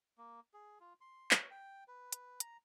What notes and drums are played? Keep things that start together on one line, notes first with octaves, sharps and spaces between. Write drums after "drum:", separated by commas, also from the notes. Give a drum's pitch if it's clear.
A#3
G#4
F4
C6
C#5, drum: clap
G5
B4
drum: hi-hat
A#5, drum: hi-hat